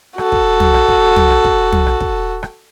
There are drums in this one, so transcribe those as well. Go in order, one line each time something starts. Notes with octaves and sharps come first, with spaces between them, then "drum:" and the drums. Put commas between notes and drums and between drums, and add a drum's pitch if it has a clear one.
F#4 A4, drum: rim click
drum: kick
drum: tom
drum: rim click
drum: kick
drum: tom
drum: rim click
drum: kick
drum: tom
drum: rim click
drum: kick
drum: rim click